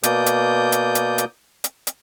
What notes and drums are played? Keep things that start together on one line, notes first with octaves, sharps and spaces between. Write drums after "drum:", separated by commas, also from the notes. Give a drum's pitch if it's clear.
B2 A#3 D5 D#6 G6, drum: hi-hat
drum: hi-hat
drum: hi-hat
drum: hi-hat
drum: hi-hat
drum: hi-hat
drum: hi-hat